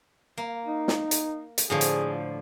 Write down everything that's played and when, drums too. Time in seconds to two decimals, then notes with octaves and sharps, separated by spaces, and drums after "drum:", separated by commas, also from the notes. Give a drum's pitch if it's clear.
0.37 A#3
0.65 D#4
0.88 drum: snare
1.11 drum: hi-hat
1.58 drum: hi-hat
1.70 A2 D3 F3 G#4
1.81 drum: hi-hat